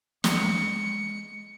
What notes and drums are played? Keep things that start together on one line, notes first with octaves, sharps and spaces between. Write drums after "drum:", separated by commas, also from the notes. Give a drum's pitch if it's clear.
G#3 C#7, drum: snare